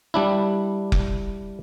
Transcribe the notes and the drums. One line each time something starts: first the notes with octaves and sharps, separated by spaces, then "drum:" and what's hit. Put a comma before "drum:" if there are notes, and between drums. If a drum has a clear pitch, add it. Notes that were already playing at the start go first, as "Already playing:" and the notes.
G3 D4 E4
drum: kick F1